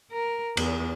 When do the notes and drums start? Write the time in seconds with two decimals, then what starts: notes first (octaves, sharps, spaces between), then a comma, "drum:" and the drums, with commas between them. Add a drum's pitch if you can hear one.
0.11 A#4
0.57 E2, drum: cymbal